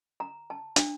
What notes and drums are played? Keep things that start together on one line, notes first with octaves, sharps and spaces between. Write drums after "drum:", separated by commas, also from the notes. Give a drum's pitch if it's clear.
A#5
A5
D4, drum: hi-hat